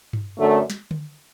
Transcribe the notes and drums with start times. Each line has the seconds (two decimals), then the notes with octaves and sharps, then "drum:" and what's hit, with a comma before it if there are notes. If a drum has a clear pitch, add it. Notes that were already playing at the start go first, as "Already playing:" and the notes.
0.13 drum: tom G2
0.39 F#2 D3 F#3 A3
0.70 drum: snare
0.91 drum: tom D3